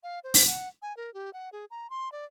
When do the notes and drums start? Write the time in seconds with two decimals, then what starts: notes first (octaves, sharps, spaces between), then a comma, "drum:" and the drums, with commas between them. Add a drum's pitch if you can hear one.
0.03 F5
0.24 C5
0.34 drum: open hi-hat
0.47 F#5
0.82 G#5
0.97 A#4
1.14 G4
1.33 F#5
1.52 G#4
1.71 A#5
1.90 C6
2.12 D5